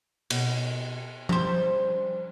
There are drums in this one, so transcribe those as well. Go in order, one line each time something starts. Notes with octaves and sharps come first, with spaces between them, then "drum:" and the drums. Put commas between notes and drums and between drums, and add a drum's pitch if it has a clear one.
B2, drum: cymbal
G3 C5, drum: tom F3